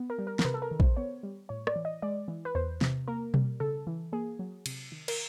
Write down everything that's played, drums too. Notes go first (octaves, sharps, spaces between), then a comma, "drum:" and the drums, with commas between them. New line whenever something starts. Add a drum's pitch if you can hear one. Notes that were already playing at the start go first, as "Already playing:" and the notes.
Already playing: B3
A#4
G3
A#4
A#4, drum: snare
C3 B4
A4
A#4
D#3
C5, drum: kick
B3 C#5
G3
A2 C#5
D5, drum: rim click
E3
D#5
G#3 D5
E3
B4
E2 C5
C3, drum: snare
A#3 A#4
G3, drum: tom B2
C#3 A4
E3
A#3 G#4
F#3
C3, drum: cymbal
D#3
A#4, drum: cymbal